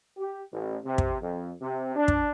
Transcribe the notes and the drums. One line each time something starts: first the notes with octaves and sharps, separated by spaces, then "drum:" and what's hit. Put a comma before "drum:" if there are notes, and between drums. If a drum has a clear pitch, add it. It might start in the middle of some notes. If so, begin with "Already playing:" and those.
G4
A1
C3
drum: kick
F2
C3
D4
drum: kick